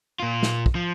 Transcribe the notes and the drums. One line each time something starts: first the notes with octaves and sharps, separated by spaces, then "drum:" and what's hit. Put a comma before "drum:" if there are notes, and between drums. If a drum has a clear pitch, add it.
A#2 F4
drum: snare
drum: kick
F3